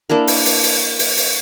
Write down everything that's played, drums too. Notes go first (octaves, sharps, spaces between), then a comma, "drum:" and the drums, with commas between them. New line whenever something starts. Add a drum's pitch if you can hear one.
A#3 D4 E4 A#4
drum: open hi-hat
drum: open hi-hat
drum: open hi-hat
drum: open hi-hat
drum: open hi-hat